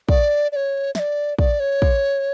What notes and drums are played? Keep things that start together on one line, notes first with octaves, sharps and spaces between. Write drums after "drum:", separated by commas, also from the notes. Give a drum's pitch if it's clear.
D5, drum: kick
D5
C#5
E5, drum: snare
D5
D5, drum: kick
C#5
drum: kick